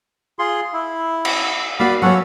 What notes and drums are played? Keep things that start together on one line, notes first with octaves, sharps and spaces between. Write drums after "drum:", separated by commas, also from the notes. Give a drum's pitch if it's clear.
F4 G#4 C6
E4
drum: cymbal
A#3 F#4 D5 F5 B5
F#3 C#4 A4 C#5 F#5